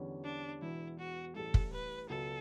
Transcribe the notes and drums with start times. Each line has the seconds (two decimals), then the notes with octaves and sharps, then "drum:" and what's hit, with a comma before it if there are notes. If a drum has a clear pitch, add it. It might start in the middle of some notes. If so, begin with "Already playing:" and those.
Already playing: E2 D3 G3 C#4
0.24 D4
0.62 E1 E2 B2 E4
0.99 F#4
1.35 A1 A2 G3 A4
1.54 drum: kick
1.73 B4
2.09 C#2 B2 F#3 A4